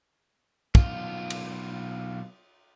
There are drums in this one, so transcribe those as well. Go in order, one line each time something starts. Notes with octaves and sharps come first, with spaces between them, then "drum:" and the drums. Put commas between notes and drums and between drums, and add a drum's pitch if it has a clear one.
B1 F4, drum: kick
drum: cymbal